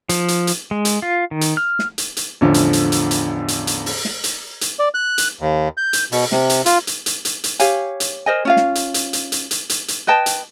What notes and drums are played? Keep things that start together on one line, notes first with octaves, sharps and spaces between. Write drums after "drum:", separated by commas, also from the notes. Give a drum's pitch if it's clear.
F3, drum: hi-hat
drum: hi-hat
drum: hi-hat
G#3
drum: hi-hat
F4
D#3
drum: hi-hat
F6
drum: snare
drum: hi-hat
drum: hi-hat
A1 E2 D3 F3
drum: hi-hat
drum: hi-hat
drum: hi-hat
drum: hi-hat
drum: hi-hat
drum: hi-hat
drum: open hi-hat
drum: snare
drum: hi-hat
drum: hi-hat
D5
F#6
drum: hi-hat
D#2
G6
drum: hi-hat
B2, drum: open hi-hat
C3, drum: snare
drum: hi-hat
F4, drum: hi-hat
drum: hi-hat
drum: hi-hat
drum: hi-hat
drum: hi-hat
G4 C#5 F5 G#5, drum: hi-hat
drum: hi-hat
A#4 C5 D#5 G#5
C#4 F4 F5
drum: snare
drum: hi-hat
drum: hi-hat
drum: hi-hat
drum: hi-hat
drum: hi-hat
drum: hi-hat
drum: hi-hat
B4 D#5 G5 A5
drum: hi-hat